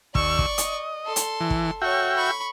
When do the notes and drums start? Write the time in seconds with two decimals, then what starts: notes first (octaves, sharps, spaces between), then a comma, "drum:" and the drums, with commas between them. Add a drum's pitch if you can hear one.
0.15 D#2 D5 C#6 E6, drum: kick
0.39 drum: kick
0.58 D#5, drum: hi-hat
1.06 A4 C6
1.16 drum: hi-hat
1.41 E3
1.50 drum: kick
1.82 F#4 C#5 E5 G5 C#6
2.16 B5 C#6